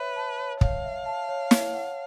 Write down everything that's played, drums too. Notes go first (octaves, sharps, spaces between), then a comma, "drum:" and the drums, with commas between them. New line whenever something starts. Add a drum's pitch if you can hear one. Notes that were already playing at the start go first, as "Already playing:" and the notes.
Already playing: B4 C#5 E5
A5
C#5
C#5 F5, drum: kick
E5
A5
C#5
C#5, drum: snare
F#5